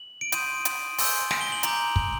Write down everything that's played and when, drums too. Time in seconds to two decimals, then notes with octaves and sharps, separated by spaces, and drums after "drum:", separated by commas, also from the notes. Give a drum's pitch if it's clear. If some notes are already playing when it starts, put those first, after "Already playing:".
Already playing: F#7
0.21 D7
0.32 C6 D#6 G6 D#7, drum: hi-hat
0.65 drum: hi-hat
0.98 G#5 C6 E6 G6, drum: open hi-hat
1.31 D7, drum: snare
1.41 G7
1.52 F#7
1.63 A#5 D6 G6 F#7, drum: hi-hat
1.96 drum: kick